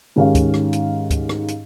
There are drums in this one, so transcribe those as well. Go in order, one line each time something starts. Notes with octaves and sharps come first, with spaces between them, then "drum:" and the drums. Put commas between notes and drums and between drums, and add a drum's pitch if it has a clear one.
G#2 D#3 C#4 G4 F5
drum: kick D2, hi-hat
drum: rim click
drum: hi-hat
drum: kick D2, hi-hat
drum: rim click
drum: hi-hat